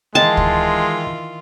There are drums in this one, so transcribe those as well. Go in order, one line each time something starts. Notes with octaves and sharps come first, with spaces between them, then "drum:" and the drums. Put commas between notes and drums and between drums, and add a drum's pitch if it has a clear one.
D#3 E3 G#3 F4 D#5 G5 A5
drum: kick